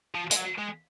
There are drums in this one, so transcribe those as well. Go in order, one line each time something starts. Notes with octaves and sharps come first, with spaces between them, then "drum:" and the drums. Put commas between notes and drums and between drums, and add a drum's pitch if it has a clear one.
F3
G#3, drum: hi-hat
F#3
G#3